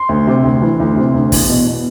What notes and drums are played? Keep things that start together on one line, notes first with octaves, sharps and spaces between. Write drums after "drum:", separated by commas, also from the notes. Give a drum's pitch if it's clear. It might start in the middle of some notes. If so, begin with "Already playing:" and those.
Already playing: C6
D2
C3
D2
E3
D2
C3
D2
E2, drum: kick, open hi-hat
B2
B2